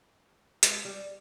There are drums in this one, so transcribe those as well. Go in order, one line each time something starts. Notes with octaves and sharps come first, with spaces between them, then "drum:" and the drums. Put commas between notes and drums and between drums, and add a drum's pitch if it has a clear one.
G#3, drum: hi-hat
G3